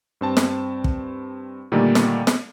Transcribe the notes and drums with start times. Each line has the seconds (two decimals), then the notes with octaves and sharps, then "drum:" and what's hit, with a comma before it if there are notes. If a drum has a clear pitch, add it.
0.21 G2 C4 A5
0.37 drum: snare
0.84 drum: kick
1.72 A#2 D3 D#3 G3 A3 A#3
1.95 drum: snare
2.27 drum: snare